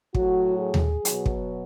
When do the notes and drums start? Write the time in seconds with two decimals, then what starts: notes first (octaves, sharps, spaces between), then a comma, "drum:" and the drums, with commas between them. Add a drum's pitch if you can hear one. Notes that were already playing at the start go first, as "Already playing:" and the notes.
0.15 A2 F#3 F#4, drum: kick
0.59 G#4
0.74 drum: tom D#2
1.05 B2 F#3, drum: hi-hat
1.26 drum: kick